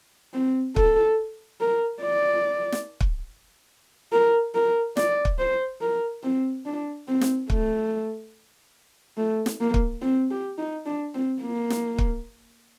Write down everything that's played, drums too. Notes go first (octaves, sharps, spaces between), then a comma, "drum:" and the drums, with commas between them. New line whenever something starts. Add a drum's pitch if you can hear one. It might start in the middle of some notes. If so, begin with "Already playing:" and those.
C4
A4, drum: kick
A#4
D5
drum: snare
drum: kick
A#4
A#4
D5, drum: snare
drum: kick
C5
A#4
C4
D4
C4
drum: snare
A3, drum: kick
A3
drum: snare
A#3
drum: kick
C4
G4
D#4
D4
C4
A#3
drum: snare
drum: kick